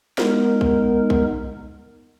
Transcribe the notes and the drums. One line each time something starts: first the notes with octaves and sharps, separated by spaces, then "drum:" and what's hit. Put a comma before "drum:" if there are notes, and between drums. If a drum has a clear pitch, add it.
G#3 B3 D#4 A#4, drum: snare
drum: kick A#1
drum: kick A#1